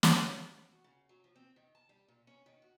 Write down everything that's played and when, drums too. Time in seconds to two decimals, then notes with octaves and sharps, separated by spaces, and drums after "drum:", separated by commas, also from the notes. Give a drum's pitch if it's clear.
0.03 drum: snare
0.71 F#4
0.84 C#3
1.09 F#3
1.24 F3
1.36 C4
1.56 D#3
1.75 A5
1.89 G3
2.08 A#2
2.27 C#4
2.46 D#3
2.62 F#4